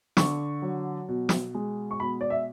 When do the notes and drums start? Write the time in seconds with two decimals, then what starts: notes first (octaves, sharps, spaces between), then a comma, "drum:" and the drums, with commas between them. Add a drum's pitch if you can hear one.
0.17 D3 C#6, drum: snare
0.62 F#3
1.08 B2
1.29 drum: snare
1.54 G#3
1.91 C#6
2.00 B2 B5
2.21 D5
2.30 E5